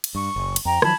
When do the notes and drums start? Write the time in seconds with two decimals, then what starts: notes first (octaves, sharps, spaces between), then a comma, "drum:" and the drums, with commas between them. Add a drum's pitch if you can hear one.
0.04 drum: cymbal
0.15 G2 C#6
0.36 F#1
0.56 drum: cymbal
0.65 F2 G5 A#5
0.82 D#3 F3 F#3 A5 B5 G#6, drum: rim click